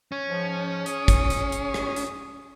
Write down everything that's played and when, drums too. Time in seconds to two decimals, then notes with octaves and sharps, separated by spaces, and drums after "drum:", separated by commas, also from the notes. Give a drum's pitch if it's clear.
0.12 C#4
0.29 G#2 F3
0.86 G#4 D#6, drum: hi-hat
1.08 drum: kick, hi-hat
1.30 drum: hi-hat
1.52 drum: hi-hat
1.74 drum: rim click
1.96 drum: hi-hat